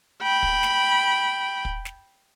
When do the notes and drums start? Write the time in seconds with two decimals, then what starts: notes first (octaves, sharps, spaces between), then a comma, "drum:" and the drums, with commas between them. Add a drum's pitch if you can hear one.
0.22 G5 B5
0.43 drum: kick
0.63 drum: snare
1.65 drum: kick
1.85 drum: snare